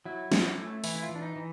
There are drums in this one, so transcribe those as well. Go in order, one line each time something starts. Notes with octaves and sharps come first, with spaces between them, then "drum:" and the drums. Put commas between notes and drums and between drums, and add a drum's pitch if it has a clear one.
F#3 E4
C#4, drum: snare
A3
E3 E4, drum: open hi-hat
E4
F4
E3
D4
D#4
E3